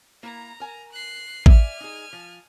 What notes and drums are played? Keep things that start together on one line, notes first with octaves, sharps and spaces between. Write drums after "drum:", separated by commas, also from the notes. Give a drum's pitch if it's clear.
A#3 E4 A#5
A#4 G#5
F#6 C7
D5 E5 G#5 F6, drum: kick A1
D#4 G#4
F3